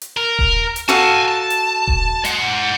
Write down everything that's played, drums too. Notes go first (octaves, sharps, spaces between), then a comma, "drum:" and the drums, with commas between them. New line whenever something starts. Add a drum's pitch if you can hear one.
drum: hi-hat
A#4
drum: kick D#1
drum: hi-hat
F#4 A4 F5 G#5 A5
A5
drum: hi-hat
drum: kick D#1
G#3 F#5, drum: hi-hat